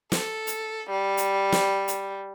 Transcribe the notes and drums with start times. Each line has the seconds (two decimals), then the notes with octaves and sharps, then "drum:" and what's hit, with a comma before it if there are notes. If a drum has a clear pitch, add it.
0.12 A4, drum: snare
0.47 drum: hi-hat
0.89 G3
1.17 drum: hi-hat
1.52 drum: snare
1.88 drum: hi-hat